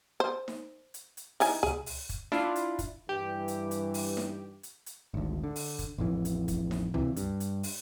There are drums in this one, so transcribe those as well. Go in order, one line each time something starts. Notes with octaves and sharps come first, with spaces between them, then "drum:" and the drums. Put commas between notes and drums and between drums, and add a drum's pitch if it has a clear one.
C5
drum: snare D#4
drum: hi-hat
drum: hi-hat
E3 D#4 G#5, drum: open hi-hat
G#4, drum: tom C#2
drum: open hi-hat
drum: kick, hi-hat
D4 E4 F4, drum: snare D#4
drum: hi-hat
drum: kick, hi-hat
G2 E3 G4
drum: hi-hat
drum: hi-hat
drum: open hi-hat
drum: snare D#4
drum: hi-hat
drum: hi-hat
G#1 D2
D3
drum: open hi-hat
drum: kick, hi-hat
A1 F2 E3
drum: hi-hat
drum: kick, hi-hat
drum: snare D#4
C3 E3, drum: tom C#2
G2, drum: hi-hat
drum: hi-hat
drum: open hi-hat